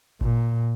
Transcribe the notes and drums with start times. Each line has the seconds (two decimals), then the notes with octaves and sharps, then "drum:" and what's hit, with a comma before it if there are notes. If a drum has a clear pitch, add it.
0.21 A#2, drum: kick G#1